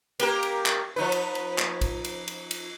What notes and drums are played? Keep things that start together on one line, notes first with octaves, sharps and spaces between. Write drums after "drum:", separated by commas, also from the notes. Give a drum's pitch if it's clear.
A#3 G4 A#4, drum: cymbal
drum: cymbal
drum: clap
F3 D#4 B4
drum: cymbal
drum: cymbal
drum: clap
drum: kick A#1, cymbal
drum: cymbal
drum: cymbal
drum: cymbal